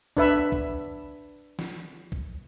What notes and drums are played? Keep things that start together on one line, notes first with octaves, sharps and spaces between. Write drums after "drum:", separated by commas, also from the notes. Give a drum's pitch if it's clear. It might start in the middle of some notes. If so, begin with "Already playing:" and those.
D4 B4 E5 B5, drum: kick
drum: kick
drum: snare
drum: kick